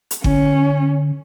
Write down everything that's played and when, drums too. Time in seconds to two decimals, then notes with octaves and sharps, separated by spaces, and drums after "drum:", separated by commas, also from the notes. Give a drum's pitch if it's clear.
0.11 drum: hi-hat
0.24 D3 C#4, drum: kick G1